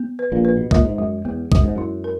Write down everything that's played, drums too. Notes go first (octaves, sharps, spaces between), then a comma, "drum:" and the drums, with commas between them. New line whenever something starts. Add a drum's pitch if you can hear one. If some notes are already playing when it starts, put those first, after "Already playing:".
Already playing: B3
B4
A#1 A#2
B4
B2
A#2 G#3, drum: kick
G#2
F#2 G#3
E2 B3
F#2 G#3, drum: kick
G#2
F#2 E4
A#4